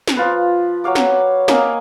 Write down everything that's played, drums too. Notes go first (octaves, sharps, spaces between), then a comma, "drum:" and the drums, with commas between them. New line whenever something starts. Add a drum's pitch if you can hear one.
drum: snare
F3 F4 B4
F#3 C#5 F5 D6
drum: snare
A#3 D#5 F5 G#5, drum: snare